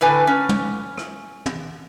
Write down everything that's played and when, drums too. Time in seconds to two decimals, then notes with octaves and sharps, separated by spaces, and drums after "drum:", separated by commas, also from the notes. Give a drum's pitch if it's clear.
0.01 A2 D3 B4 G#5
0.27 C#4
0.49 drum: tom
0.97 drum: rim click
1.46 drum: tom